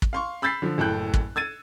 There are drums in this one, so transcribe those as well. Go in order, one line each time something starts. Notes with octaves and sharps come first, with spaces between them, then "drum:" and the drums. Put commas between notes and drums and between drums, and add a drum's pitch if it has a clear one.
drum: kick
F5 C6 C#6
B5 E6 G6 A6 B6 C7
D3 F3
F#1 A2 A4 G5 F#6 G6
drum: kick
E6 G#6 A6 D#7